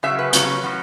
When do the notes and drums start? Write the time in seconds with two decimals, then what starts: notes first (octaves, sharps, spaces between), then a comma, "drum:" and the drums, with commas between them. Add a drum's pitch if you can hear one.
0.03 C#3 F#3 C#4 E5
0.19 B4
0.33 C#3 F#3 C#4, drum: hi-hat
0.63 A2 F#3 C#4